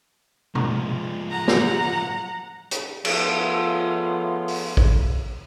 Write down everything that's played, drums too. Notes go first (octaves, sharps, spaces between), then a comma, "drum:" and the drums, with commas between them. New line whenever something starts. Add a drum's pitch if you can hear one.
F3 G#3, drum: tom C3
F#5 A#5
drum: snare
drum: hi-hat
F3 A3 B3 F4 G#4 C#5, drum: cymbal
drum: open hi-hat
drum: kick